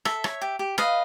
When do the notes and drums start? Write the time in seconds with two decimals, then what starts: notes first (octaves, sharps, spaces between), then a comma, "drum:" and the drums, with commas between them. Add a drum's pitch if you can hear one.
0.05 A4 E5, drum: rim click
0.24 C#5, drum: rim click
0.42 G4
0.59 G4
0.78 B4 D#5 F5, drum: rim click